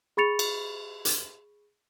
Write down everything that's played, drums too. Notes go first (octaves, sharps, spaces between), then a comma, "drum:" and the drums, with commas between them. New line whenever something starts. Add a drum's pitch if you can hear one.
G#4 B5 C#6 A6 C#7 F7
drum: cymbal
drum: hi-hat